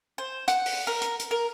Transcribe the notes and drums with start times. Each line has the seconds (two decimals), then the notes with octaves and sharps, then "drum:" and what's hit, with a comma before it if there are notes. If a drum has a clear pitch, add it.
0.18 C5
0.48 F#5, drum: hi-hat
0.66 drum: open hi-hat
0.87 A#4
1.02 drum: hi-hat
1.20 drum: hi-hat
1.31 A#4